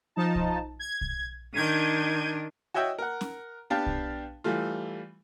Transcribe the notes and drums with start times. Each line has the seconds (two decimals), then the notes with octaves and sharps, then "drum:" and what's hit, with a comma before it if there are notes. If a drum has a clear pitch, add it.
0.16 F3 D#4 A5
0.36 drum: kick
0.79 G#6
1.01 drum: kick
1.54 D#3 D4 G6 G#6 D#7
2.74 F#4 C#5 D#5 E5 G5
2.99 A#4 F#5
3.21 drum: snare C#4
3.70 B3 D4 G4 F5 G5 A5
3.86 drum: kick
4.44 E3 G3 A3 F4